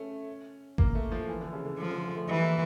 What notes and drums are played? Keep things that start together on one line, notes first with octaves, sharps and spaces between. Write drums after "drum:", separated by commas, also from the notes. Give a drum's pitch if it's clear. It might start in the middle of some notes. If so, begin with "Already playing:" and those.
Already playing: A3 C#4
A#3, drum: kick G#1
A3
F3
E3
D3
C#3
D3
D3 F3
D3
D3
A3
E3 G3
A#3